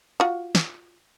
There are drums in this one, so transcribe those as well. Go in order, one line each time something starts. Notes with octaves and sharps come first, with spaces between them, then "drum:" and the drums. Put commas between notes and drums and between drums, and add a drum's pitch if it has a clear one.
F4 F#4
drum: snare